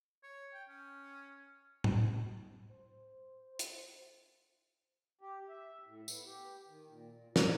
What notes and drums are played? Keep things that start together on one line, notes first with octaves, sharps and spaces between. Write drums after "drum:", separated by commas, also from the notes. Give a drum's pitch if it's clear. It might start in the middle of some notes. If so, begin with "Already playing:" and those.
C#5
G5
C#4
drum: tom
C5
drum: hi-hat
G4
E5
A2
B3, drum: tambourine
G4
D#3
A#2
A#2
A#4, drum: snare